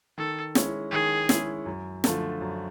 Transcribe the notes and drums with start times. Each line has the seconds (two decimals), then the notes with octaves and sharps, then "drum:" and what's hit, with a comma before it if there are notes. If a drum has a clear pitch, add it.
0.18 D#3 A4
0.55 G#3 C#4 E4, drum: snare
0.91 D#3 G#4
1.29 G#3 C#4 E4, drum: snare
1.66 F#2
2.04 D3 F3 A3, drum: snare
2.41 F#2